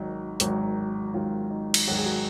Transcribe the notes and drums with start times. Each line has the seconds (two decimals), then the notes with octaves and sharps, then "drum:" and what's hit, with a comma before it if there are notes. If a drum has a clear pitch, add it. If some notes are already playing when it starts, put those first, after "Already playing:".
Already playing: G#1 G#2 D#3 F#3 D#4
0.40 G#1 G#2 D#3 F#3, drum: hi-hat
1.14 G#1 G#2 D#3 F#3 F4
1.50 D#4
1.74 drum: cymbal
1.87 G#1 G#2 D#3 F#3 F#4
1.97 G#4
2.06 F#4